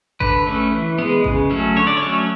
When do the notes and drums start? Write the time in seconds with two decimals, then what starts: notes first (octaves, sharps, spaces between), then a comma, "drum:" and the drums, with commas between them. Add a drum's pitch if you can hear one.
0.20 D3 B4, drum: kick A1
0.47 A3 C#4
0.72 E3
0.98 G#3 B3
1.24 C#3, drum: kick A1
1.51 F#3 A3 C#4
1.76 D3 C#5
1.87 D5
1.97 C#5
2.02 F#3 A3 C#4